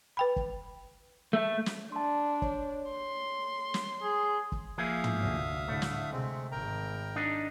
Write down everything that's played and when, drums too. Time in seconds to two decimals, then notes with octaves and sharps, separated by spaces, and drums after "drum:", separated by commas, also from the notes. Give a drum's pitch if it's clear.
0.17 B4 G5 B5
0.36 drum: kick
1.33 A3
1.66 drum: snare
1.92 D4 A5 C6
2.42 C#5, drum: kick
2.91 C6
3.74 drum: snare
4.03 G#4
4.52 drum: kick
4.78 F3 A#3 G#4 E5 F5 D#6
5.04 drum: tom
5.18 F1 D2
5.68 A2 D3 A3
5.82 drum: snare
6.11 C3 G#3 C4
6.52 G#1 A#4 G5 A#5
7.16 D4 D#4